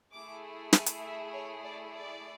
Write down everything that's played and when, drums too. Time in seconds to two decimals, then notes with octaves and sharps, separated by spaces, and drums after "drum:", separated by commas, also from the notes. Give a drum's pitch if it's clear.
0.12 A3 E4 G#4 D6
0.73 G#5, drum: snare
0.86 drum: hi-hat
1.04 E5
1.34 C#5
1.64 D5
1.94 D5